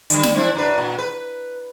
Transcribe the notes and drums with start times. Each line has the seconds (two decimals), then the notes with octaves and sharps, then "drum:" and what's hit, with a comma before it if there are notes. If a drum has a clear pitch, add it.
0.10 D3 G3, drum: hi-hat
0.23 drum: snare
0.34 C4 D4 E4
0.55 F#2 D4 B4
0.78 A#2
0.98 B4